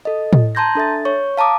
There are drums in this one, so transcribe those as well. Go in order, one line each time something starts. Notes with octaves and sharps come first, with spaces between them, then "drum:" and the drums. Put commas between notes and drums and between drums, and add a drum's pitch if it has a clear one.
A4 D#5
drum: tom A2
A5 A#5 C6 G6 G#6 A#6
D4 A4 E5 A6
C#5 C#6
F5 A5 A#5 D6 D#6